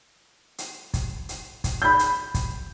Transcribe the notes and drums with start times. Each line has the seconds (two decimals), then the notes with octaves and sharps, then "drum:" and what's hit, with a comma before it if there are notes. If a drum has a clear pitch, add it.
0.58 drum: hi-hat
0.94 drum: kick, hi-hat
1.29 drum: hi-hat
1.64 drum: kick, hi-hat
1.82 B5 G6
1.99 drum: hi-hat
2.34 drum: kick, hi-hat